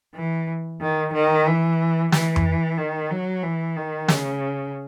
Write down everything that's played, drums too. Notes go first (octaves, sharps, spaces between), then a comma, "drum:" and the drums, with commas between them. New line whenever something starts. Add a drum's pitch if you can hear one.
E3
D#3
D#3
E3
E3, drum: snare
drum: tom F2
D#3
F#3
E3
D#3
C#3, drum: snare